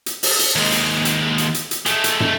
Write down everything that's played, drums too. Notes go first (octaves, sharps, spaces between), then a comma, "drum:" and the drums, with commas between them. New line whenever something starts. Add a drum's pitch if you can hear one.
drum: hi-hat
drum: open hi-hat
drum: hi-hat
D#2 G#3
drum: hi-hat
drum: hi-hat
drum: hi-hat
drum: hi-hat
drum: hi-hat
G#3 A3, drum: hi-hat
drum: hi-hat
drum: tom